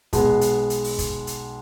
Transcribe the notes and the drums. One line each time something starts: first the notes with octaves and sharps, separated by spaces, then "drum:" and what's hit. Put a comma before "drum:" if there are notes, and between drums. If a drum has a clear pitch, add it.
B1 G#3 B3 F#5, drum: kick, hi-hat
drum: hi-hat
drum: hi-hat
drum: open hi-hat
drum: kick, hi-hat
drum: hi-hat